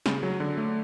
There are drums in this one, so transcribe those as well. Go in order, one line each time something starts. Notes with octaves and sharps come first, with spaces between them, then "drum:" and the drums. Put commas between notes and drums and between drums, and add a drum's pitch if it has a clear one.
C#3, drum: snare
F#3
D3
A3